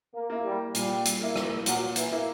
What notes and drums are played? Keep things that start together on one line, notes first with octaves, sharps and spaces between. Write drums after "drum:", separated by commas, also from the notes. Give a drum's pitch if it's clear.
A#3
A#3 E4
G3
A#2 G3, drum: hi-hat
drum: hi-hat
A#3 E4
drum: rim click
A#2 F#3, drum: hi-hat
E3, drum: hi-hat
A#3 E4